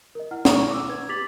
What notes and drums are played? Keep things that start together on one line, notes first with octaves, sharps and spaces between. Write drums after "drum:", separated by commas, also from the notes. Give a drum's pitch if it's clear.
A#4 D#5
E4 F#5 F6
A#5 C#6 D#6, drum: snare
D6 E6
B4 G#6
G4 D6 A6 B6 F7 F#7